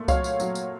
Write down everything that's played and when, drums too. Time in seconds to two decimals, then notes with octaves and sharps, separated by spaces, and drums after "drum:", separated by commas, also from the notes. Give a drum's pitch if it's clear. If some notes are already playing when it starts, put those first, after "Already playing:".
Already playing: A#2 A3
0.08 F#3 C#5 F5, drum: kick C2, tambourine
0.24 drum: tambourine
0.40 F#3, drum: tambourine
0.55 drum: tambourine